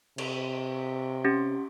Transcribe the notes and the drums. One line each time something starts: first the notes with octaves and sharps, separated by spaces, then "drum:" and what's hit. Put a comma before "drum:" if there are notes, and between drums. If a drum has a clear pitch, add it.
C3, drum: cymbal
C#4 G4